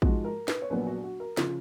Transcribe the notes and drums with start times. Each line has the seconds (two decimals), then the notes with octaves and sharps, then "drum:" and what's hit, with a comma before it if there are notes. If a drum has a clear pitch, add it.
0.02 G#2 F3 G#3 F#4, drum: kick A1
0.24 A#4
0.48 B4, drum: snare
0.62 C#5
0.70 A#1 A#2 F#3 B3 B4
0.87 F#4
1.04 F#4
1.20 A#4
1.37 C#3 F3 F4, drum: snare